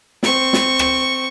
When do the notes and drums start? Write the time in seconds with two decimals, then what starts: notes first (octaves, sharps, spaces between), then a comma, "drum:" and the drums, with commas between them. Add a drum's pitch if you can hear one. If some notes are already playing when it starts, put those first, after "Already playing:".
0.23 C4 C#6, drum: snare
0.53 drum: snare
0.79 drum: rim click